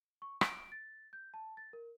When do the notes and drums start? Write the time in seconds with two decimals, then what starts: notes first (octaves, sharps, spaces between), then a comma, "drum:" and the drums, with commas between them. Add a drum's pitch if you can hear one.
0.22 C#6
0.41 D7, drum: rim click
0.72 A6
1.13 G6
1.34 A5
1.57 A6
1.73 A#4